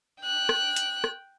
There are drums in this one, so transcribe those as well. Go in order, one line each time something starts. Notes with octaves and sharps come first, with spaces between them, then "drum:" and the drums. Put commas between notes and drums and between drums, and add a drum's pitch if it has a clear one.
G5 F#6
drum: rim click
drum: hi-hat
drum: rim click